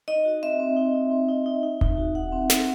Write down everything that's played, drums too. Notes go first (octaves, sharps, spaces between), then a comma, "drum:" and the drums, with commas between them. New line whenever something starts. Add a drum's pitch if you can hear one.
D#4 D#5
F#4
C4 E5
C4
D#4
D#4
C4
D#4
D#4
D#4
D#4, drum: kick D#1
F#4
D#4 F#5
C4
D#4, drum: snare